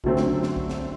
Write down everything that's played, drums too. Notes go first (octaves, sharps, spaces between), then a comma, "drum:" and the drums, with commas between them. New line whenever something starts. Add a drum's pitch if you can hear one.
F#2 D3 F#3 A3 C4, drum: kick
drum: snare
drum: snare
drum: kick
drum: snare